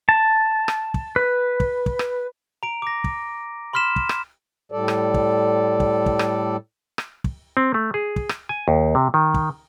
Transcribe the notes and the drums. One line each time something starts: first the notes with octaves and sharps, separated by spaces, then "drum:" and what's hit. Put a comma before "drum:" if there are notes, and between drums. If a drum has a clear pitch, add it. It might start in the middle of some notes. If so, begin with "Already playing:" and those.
A5
drum: rim click
drum: kick
B4
drum: kick
drum: kick
drum: rim click
A#5 D7
D6 A#6
drum: kick
B5 C6 F6 B6 E7
drum: kick
drum: rim click
A2 G3 A4 D5
drum: rim click
drum: kick
drum: kick
drum: kick
drum: rim click
drum: rim click
drum: kick
C4
A3
G#4
drum: kick
drum: rim click
G#5
D#2
C3
D#3
drum: kick